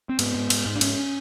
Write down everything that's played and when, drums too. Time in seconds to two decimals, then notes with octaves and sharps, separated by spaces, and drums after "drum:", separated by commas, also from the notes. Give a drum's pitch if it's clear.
0.09 C4
0.19 G#2 B3, drum: cymbal
0.35 G#2
0.50 G#2, drum: cymbal
0.66 G#2
0.76 D4
0.81 G#2 C#4, drum: cymbal